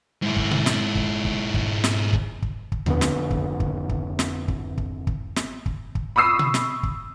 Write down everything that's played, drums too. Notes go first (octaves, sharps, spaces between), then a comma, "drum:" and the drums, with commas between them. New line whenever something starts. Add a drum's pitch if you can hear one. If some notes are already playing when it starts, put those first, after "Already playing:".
G#2 E4
drum: kick
drum: tom B2
drum: snare
drum: kick
drum: kick
drum: kick
drum: snare
drum: kick
drum: kick
drum: kick
F2 D3 B3, drum: tom D#2
drum: snare
drum: kick
drum: kick
drum: kick
drum: snare
drum: kick
drum: kick
drum: kick
drum: snare
drum: kick
drum: kick
B5 C#6 D#6 E6 C7
drum: tom B2
drum: snare
drum: kick